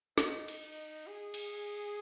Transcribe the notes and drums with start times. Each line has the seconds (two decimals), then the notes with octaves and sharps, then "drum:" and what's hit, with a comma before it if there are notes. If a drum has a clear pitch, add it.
0.18 D#4, drum: snare
0.48 drum: cymbal
0.62 D#4
1.07 G#4
1.34 drum: cymbal